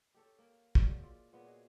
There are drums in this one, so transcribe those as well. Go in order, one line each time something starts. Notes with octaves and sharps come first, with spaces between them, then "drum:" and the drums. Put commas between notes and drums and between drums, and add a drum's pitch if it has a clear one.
G4 A4 C#5
A#3
A#2 F#3 G#3, drum: kick
F4 D5 E5
A#2 C#3 B3
F#4 G#4 D#5